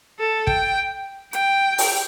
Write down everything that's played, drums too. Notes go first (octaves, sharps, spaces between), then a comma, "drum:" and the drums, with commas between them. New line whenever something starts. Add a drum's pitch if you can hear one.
A4
G5, drum: kick
G5, drum: hi-hat
drum: open hi-hat